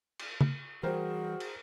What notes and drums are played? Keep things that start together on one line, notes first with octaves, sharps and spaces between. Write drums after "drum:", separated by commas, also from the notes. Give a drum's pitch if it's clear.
drum: cymbal
drum: tom C#3
E3 G3 F#4 G#4 A#4 C5 G5
drum: cymbal